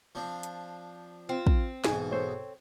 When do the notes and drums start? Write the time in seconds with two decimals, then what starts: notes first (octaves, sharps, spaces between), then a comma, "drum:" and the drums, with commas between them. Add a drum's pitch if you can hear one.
0.15 F3 C4 D4
0.43 drum: hi-hat
1.29 C4 F4
1.47 drum: kick
1.84 B1 G#2 B2 E3 G#4, drum: snare
2.11 A4 C5 C#5